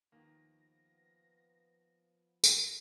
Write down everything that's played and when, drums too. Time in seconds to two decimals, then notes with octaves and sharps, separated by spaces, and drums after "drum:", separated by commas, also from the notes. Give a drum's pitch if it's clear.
0.12 D#2 D#3 F3 A#3 B3 A#6
2.44 drum: tambourine